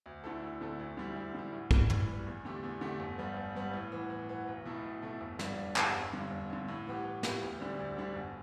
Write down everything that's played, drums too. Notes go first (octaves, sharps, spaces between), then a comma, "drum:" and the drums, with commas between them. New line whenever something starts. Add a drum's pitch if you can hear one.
D2
D3 A3 E4 A4
D2
D3 A3 E4 A4
D2
D3 G3 E4
D2
D3 G3 E4
A2
E3 G3, drum: kick
A2, drum: tom
E3 G3
E2
D3 A3 G4
E2
D3 A3 G4
G1
G2 G3 B3
G1
G2 G3 B3
A2
E3 B3
A2
E3 B3
B1
B2 A3 E4 A4
B1
B2 A3 E4 A4
G1
G2 G3 B3 D4, drum: snare
G1
G2 G3 B3 D4, drum: clap
G1
G2 D3
G1
G2 D3
A2
E3 B3 G4
A2
E3 B3 G4, drum: snare
D2
D3 G3 D4
D2
D3 G3 D4
G1